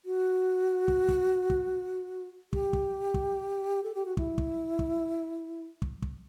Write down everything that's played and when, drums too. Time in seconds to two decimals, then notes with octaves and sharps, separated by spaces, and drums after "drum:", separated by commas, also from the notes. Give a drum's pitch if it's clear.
0.05 F#4
0.88 drum: kick
1.09 drum: kick
1.50 drum: kick
2.53 G4, drum: kick
2.73 drum: kick
3.14 drum: kick
3.83 A4
3.95 G4
4.06 F#4
4.17 E4, drum: kick
4.38 drum: kick
4.79 drum: kick
5.82 drum: kick
6.02 drum: kick